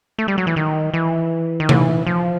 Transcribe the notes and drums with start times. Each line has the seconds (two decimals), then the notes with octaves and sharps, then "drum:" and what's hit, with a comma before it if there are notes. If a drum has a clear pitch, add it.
0.18 A3
0.28 G3
0.38 F#3
0.47 E3
0.56 D#3
0.94 E3
1.60 D#3
1.69 E3, drum: tom C3
2.07 F3